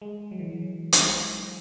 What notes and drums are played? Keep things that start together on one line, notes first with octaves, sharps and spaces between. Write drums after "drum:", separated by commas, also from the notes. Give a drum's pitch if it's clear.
G#3
F#3
E3
F#3
E3
drum: hi-hat